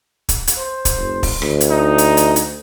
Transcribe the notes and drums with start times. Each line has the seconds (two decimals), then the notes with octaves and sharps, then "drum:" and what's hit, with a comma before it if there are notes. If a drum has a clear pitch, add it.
0.29 drum: kick, hi-hat
0.47 drum: hi-hat
0.58 C5
0.85 drum: kick, hi-hat
0.97 F#1
1.23 drum: kick, open hi-hat
1.42 D2, drum: rim click
1.61 drum: hi-hat
1.70 D#4
1.98 drum: hi-hat
2.17 drum: hi-hat
2.36 drum: hi-hat